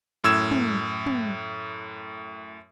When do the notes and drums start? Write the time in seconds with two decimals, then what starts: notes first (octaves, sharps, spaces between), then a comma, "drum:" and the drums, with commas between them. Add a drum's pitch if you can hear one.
0.24 F#2 A2 E6 G#6 E7
0.51 drum: tom
1.06 drum: tom